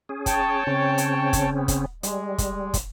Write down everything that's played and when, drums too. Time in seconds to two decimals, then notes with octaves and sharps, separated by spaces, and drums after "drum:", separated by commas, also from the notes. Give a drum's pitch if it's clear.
0.09 C#4 G#4
0.26 C#5 G5 A5, drum: kick, hi-hat
0.67 C#3 C4 C#4
0.98 drum: hi-hat
1.33 drum: kick, hi-hat
1.54 B3
1.68 drum: kick, hi-hat
2.03 G3 G#3, drum: hi-hat
2.38 drum: kick, hi-hat
2.74 drum: kick, hi-hat